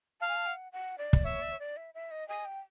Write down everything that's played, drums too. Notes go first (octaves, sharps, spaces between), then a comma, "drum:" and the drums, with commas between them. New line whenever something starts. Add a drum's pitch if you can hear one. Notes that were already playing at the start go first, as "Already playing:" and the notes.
F5 A5
G#5
A5
F#5
F#5
D5
drum: kick
C#5 E5
D5
C#5
D5
E5
E5
D#5
D#5 G#5
G5